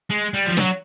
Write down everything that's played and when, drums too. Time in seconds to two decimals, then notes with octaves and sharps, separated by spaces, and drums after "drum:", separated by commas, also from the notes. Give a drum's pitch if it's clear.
0.10 G#3
0.34 G3
0.46 F3
0.57 F#3, drum: snare